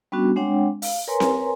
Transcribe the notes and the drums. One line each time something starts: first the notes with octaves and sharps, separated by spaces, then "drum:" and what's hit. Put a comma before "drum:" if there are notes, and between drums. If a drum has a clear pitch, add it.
G3 B3 C#4 D4 F#4
G#3 C4 D4 C#5 F#5 G5
F5, drum: open hi-hat
A#4 B4 C#5 G#5 A#5 C6
drum: snare C4